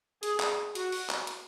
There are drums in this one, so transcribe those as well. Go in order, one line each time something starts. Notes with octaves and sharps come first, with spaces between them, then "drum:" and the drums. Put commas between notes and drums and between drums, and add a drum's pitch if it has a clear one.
G#4, drum: hi-hat
drum: clap
F#4, drum: hi-hat
drum: open hi-hat
drum: clap
drum: hi-hat